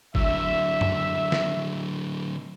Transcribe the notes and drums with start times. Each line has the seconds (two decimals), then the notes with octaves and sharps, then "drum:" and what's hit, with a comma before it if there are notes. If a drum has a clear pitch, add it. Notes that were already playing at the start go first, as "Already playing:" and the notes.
0.15 D3 F#3 E5, drum: kick
0.81 drum: tom F#2
1.32 drum: snare